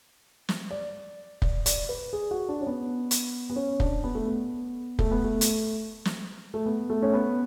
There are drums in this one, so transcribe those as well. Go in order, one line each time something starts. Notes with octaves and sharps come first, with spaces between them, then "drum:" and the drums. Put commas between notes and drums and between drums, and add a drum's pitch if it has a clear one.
drum: snare
D5
D5, drum: kick
D5, drum: hi-hat
B4
G#4
F#4
D4
C#4
B3
drum: hi-hat
B3
C#4
D4, drum: kick
B3
A3
B3
A3, drum: kick
B3
A3
drum: hi-hat
drum: snare
A3
B3
A3
C#4
B3